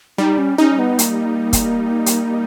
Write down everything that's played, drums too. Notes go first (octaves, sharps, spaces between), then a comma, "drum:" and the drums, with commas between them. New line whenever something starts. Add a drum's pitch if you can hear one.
G3 D#4
C#4
C#4 D#4
B3
A#3, drum: hi-hat
drum: kick, hi-hat
drum: hi-hat